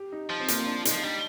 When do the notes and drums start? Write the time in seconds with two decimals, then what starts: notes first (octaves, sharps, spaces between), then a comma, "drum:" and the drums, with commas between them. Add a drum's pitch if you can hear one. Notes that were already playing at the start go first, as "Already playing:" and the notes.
Already playing: G4
0.12 D#4
0.30 F3
0.40 C4
0.48 A#3, drum: hi-hat
0.58 C4
0.66 D4
0.85 D#4, drum: hi-hat
0.92 F3
1.03 G3 D4